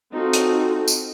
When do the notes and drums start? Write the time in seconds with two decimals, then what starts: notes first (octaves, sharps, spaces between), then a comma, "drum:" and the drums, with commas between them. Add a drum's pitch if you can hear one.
0.13 C4 D#4 F4 F#4 A4
0.33 drum: hi-hat
0.88 drum: tambourine